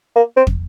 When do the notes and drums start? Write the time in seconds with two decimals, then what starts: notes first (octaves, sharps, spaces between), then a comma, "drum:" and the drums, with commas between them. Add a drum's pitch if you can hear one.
0.16 A#3
0.37 C4
0.47 drum: kick